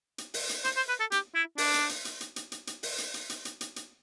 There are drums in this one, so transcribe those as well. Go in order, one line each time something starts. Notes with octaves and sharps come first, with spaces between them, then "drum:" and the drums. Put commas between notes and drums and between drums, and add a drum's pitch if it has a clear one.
drum: hi-hat
drum: open hi-hat
drum: hi-hat
C5, drum: hi-hat
C5
B4
A4
G4, drum: hi-hat
E4
D4, drum: open hi-hat
drum: hi-hat
drum: hi-hat
drum: hi-hat
drum: hi-hat
drum: hi-hat
drum: hi-hat
drum: hi-hat
drum: open hi-hat
drum: hi-hat
drum: hi-hat
drum: hi-hat
drum: hi-hat
drum: hi-hat
drum: hi-hat